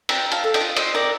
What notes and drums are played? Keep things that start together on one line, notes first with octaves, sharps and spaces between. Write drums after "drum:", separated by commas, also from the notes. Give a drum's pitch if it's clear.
C4 G5 A#5, drum: cymbal
C4
F5 A5, drum: cymbal
A4
D#5 G5, drum: cymbal
F4
C4 C5 D#5, drum: cymbal
C4 A#4 D5